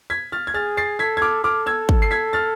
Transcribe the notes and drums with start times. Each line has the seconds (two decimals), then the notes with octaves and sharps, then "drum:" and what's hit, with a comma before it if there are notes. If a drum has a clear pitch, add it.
0.10 G#6 B6
0.32 F6 A6
0.47 G#6
0.54 G#4 F6 A6
0.77 A6 C7
0.99 A4 G#6 B6
1.17 G#6
1.22 D6 F6
1.44 A4 D6 F6
1.66 E6 G#6
1.89 drum: kick
2.02 C7
2.11 G#6 B6
2.33 F6 A6